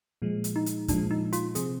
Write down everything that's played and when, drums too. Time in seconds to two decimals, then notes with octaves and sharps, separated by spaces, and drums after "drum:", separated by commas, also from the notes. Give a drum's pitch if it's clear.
0.22 A#2 F3 G#3
0.44 drum: hi-hat
0.56 D#4
0.66 drum: hi-hat
0.88 A#2 F3 G#3 D4, drum: kick, hi-hat
1.11 D#4
1.33 F4, drum: hi-hat
1.55 C3 F3 C4 G#4, drum: hi-hat